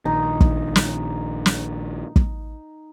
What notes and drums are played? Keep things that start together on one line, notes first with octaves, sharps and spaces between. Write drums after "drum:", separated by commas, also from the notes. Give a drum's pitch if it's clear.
A#1 D#3 D#4
drum: kick
drum: snare
drum: snare
drum: kick